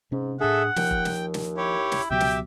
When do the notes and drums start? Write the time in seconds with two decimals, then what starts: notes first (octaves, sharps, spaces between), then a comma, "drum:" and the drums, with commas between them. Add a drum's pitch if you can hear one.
0.12 G#2 C3 C#4
0.41 A2 D4 G#4 A4 E5 F#5
0.76 D#2 F3 G5, drum: snare
0.91 drum: kick F1
1.05 drum: snare
1.34 drum: snare
1.57 E4 G4 C#5
1.92 drum: snare
2.10 C#2 B2 F#3 G4 E5 G5
2.20 drum: snare